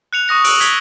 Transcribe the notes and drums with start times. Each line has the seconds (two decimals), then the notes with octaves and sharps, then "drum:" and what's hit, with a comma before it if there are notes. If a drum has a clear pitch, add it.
0.13 F#6 C#7 F7
0.28 C#6 D#6 A#6 C#7
0.44 E6 F#6 D7 F#7, drum: open hi-hat
0.60 G#6 B6 G7, drum: hi-hat